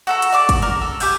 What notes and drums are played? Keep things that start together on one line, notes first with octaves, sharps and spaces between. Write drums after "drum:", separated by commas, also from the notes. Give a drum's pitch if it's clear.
F#4 A4 A#5
drum: hi-hat
D5 A5 D6
drum: kick, hi-hat
A#4
A4
G4 G#5 G6, drum: open hi-hat